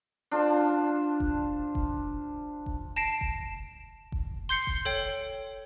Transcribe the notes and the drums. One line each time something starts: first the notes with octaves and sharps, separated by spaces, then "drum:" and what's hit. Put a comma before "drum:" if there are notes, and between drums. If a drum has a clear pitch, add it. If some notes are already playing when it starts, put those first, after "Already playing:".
D4 F4 C5 A5
drum: kick F1
drum: kick F1
drum: kick F1
A5 A#6 C7 D7 E7
drum: kick F1
drum: kick F1
C6 G6 C7 C#7
drum: kick F1
A4 C#5 G5